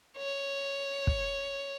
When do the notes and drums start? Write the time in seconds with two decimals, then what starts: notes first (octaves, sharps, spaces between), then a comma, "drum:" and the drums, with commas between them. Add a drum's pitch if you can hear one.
0.18 C#5
1.07 drum: kick